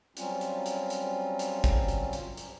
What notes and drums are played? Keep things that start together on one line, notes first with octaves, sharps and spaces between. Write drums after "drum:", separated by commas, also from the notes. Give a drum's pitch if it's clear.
F#3 G3 C4 C#4 F4, drum: hi-hat
drum: hi-hat
drum: hi-hat
drum: hi-hat
drum: hi-hat
drum: kick, hi-hat
drum: hi-hat
drum: hi-hat
drum: hi-hat